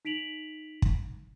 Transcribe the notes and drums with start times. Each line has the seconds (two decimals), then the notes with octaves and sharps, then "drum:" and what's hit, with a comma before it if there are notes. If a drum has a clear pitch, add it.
0.05 D#4 B6 D7 F7 F#7
0.82 drum: kick